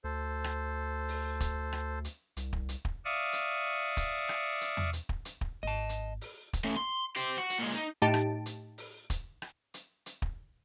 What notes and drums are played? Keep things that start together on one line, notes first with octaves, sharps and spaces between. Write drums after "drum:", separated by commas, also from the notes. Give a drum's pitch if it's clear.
D2 A4 C5
drum: rim click
drum: open hi-hat
drum: kick, hi-hat
drum: rim click
drum: hi-hat
C2, drum: hi-hat
drum: kick
drum: hi-hat
drum: kick
D5 E5 F5 C#6 D#6
drum: hi-hat
drum: kick, hi-hat
drum: rim click
drum: hi-hat
drum: tom E2
drum: hi-hat
drum: kick
drum: hi-hat
drum: kick
G#1 D#5 A5
drum: hi-hat
drum: open hi-hat
drum: kick, hi-hat
A3 C#4
C6
G4 C5, drum: hi-hat
F#4
drum: hi-hat
A#2 G#3
D#4
A2 D#4 G4 A5 D7
drum: rim click
drum: hi-hat
drum: open hi-hat
drum: kick, hi-hat
drum: rim click
drum: hi-hat
drum: hi-hat
drum: kick